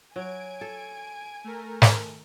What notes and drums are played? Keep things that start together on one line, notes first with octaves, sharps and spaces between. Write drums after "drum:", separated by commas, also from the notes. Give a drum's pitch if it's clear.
F#3 G#5 G#6 D7
A4
A3 A#4
drum: snare